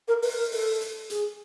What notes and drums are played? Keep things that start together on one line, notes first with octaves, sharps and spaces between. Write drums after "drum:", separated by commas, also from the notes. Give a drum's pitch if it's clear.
A#4
B4, drum: open hi-hat
A#4
A4, drum: open hi-hat
drum: hi-hat
G#4, drum: hi-hat